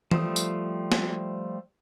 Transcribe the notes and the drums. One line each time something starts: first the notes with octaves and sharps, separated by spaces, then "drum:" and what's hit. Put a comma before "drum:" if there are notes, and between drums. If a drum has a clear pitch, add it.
F3 G3 A3 D#6, drum: tom E3
drum: tambourine
drum: snare